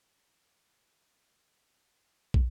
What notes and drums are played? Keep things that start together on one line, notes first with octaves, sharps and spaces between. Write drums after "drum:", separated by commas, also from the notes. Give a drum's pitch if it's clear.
A4 C#5 E5 F5 G5
A3 G#4 A#4 D5 G5 D6
A3 A#3 G4 B5 D6
G3 G4 C5
A3 G4 A#4 E5 F#5 G5
drum: kick